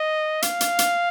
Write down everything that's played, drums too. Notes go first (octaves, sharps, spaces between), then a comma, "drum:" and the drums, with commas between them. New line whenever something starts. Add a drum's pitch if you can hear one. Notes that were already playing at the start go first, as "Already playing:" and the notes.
Already playing: D#5
F5, drum: hi-hat
drum: hi-hat
drum: hi-hat